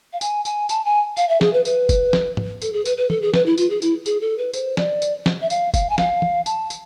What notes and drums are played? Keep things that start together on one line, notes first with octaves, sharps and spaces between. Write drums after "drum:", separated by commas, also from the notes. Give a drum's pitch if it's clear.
F5
G#5, drum: tambourine
G#5, drum: tambourine
A5, drum: tambourine
G#5
F5, drum: tambourine
E5
G#4, drum: snare
B4
B4, drum: tambourine
drum: kick, tambourine
drum: snare
drum: tom G#2
A4, drum: tambourine
G#4
B4, drum: tambourine
B4
A4, drum: tom
G#4
B4, drum: snare
E4
F4, drum: tambourine
G#4
E4, drum: tambourine
G#4, drum: tambourine
A4
B4
C5, drum: tambourine
D5, drum: snare
drum: tambourine
drum: snare
E5
F5, drum: tambourine
F5, drum: kick, tambourine
G#5
F5, drum: snare
drum: tom
A5, drum: tambourine
drum: tambourine